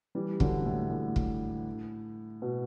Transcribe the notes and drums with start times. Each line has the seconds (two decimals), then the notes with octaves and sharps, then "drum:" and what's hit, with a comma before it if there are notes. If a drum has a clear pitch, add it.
0.15 E3 G3
0.40 D3 F#3, drum: kick
0.65 A2
0.91 A2
1.16 drum: kick
2.42 B2